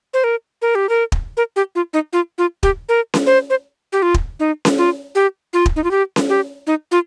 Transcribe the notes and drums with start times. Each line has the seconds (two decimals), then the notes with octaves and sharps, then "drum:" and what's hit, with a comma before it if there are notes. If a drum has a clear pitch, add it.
0.14 C5
0.24 A#4
0.62 A#4
0.75 G4
0.89 A#4
1.12 drum: kick
1.37 A#4
1.56 G4
1.75 F4
1.93 D#4
2.13 F4
2.38 F4
2.63 G4, drum: kick
2.89 A#4
3.14 drum: snare C#4
3.26 C5
3.50 C5
3.93 G4
4.02 F4
4.14 drum: kick
4.40 D#4
4.65 drum: snare C#4
4.78 F4
5.15 G4
5.53 F4
5.66 drum: kick
5.76 D#4
5.84 F4
5.91 G4
6.16 drum: snare C#4
6.29 G4
6.67 D#4
6.91 F4